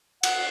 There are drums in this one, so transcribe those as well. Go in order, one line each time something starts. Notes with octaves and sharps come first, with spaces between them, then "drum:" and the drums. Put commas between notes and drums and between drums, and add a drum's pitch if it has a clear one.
F#5, drum: cymbal